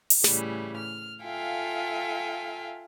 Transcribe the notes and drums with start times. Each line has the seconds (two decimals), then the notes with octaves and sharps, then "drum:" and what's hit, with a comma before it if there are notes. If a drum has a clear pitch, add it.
0.10 drum: open hi-hat
0.24 A2 C#3 E3 G3, drum: snare
0.78 F6
1.23 F4 A4 E5 F5 G5 G#5